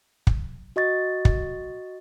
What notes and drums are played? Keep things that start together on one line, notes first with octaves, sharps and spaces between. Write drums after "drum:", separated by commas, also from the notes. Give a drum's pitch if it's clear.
drum: kick
F#4 D#5 C#6 A6
drum: kick